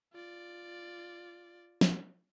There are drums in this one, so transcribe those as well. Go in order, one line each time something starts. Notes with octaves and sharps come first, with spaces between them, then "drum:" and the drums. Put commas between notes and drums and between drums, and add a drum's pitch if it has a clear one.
F4 D5
drum: snare